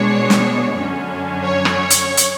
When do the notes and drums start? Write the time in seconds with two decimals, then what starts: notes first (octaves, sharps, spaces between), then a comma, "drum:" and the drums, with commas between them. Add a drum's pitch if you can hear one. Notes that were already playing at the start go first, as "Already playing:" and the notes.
Already playing: B2 G#3 B3 D4 C#5
0.30 drum: snare
0.77 F#2 D3 F#3 C#4
1.45 C#5
1.65 drum: rim click
1.90 drum: hi-hat
2.17 drum: hi-hat